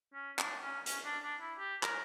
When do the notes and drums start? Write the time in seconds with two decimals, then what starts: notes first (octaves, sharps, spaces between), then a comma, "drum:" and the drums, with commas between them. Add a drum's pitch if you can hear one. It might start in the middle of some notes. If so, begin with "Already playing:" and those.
0.14 C#4
0.39 D4, drum: clap
0.62 C#4
0.86 C#4, drum: hi-hat
1.05 D4
1.23 D4
1.41 E4
1.59 G4
1.83 A#4, drum: clap